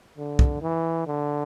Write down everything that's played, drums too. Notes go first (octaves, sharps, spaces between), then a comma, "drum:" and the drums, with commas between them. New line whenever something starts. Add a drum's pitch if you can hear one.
D3
drum: kick
E3
D3